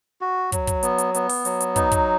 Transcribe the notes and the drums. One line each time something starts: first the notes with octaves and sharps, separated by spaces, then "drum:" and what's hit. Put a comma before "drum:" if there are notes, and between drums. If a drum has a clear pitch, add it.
F#4
F#3, drum: kick, hi-hat
drum: kick, hi-hat
B3, drum: hi-hat
drum: hi-hat
B3, drum: hi-hat
drum: open hi-hat
F#3, drum: hi-hat
drum: hi-hat
D#4, drum: kick, hi-hat
drum: kick, hi-hat